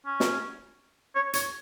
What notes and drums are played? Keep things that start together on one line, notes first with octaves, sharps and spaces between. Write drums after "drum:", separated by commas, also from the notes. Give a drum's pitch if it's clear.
C#4
drum: snare
C#5
C#5, drum: hi-hat